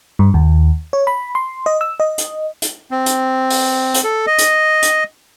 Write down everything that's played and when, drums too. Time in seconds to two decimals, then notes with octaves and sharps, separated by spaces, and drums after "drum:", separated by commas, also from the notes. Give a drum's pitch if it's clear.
0.19 G2
0.34 D#2
0.93 C#5
1.07 B5
1.35 C6
1.66 D#5
1.81 E6
2.00 D#5
2.18 drum: hi-hat
2.62 drum: hi-hat
2.91 C4
3.06 drum: hi-hat
3.50 drum: open hi-hat
3.94 drum: hi-hat
4.04 A4
4.27 D#5
4.38 drum: hi-hat
4.82 drum: hi-hat